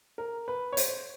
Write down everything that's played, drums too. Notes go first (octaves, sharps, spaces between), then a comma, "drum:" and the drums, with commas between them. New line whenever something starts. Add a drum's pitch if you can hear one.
A#4
B4
C#5
C5, drum: hi-hat